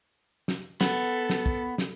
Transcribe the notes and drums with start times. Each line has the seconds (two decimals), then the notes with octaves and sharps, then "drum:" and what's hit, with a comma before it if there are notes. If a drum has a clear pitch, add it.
0.48 drum: snare
0.81 B3 A4, drum: snare
1.29 drum: snare
1.46 drum: kick
1.78 drum: snare